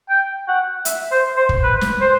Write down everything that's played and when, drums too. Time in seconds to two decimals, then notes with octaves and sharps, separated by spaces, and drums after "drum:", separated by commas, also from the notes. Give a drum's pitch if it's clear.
0.09 G5
0.48 F#5
0.85 E5, drum: hi-hat
1.11 C5
1.36 C5
1.49 drum: kick
1.63 B4
1.81 drum: snare
2.01 C5